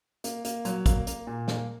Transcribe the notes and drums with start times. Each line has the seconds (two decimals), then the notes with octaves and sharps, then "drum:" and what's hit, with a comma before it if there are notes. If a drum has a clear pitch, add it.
0.24 A#3, drum: hi-hat
0.45 A#3, drum: hi-hat
0.65 F#3, drum: hi-hat
0.86 A#3, drum: kick, hi-hat
1.07 A#3, drum: hi-hat
1.27 A#2
1.48 A#3, drum: snare